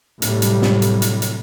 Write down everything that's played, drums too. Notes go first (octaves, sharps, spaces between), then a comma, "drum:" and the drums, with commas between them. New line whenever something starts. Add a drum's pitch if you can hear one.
A2 C3 F#3 G3, drum: hi-hat
drum: hi-hat
drum: snare
drum: hi-hat
drum: hi-hat
drum: hi-hat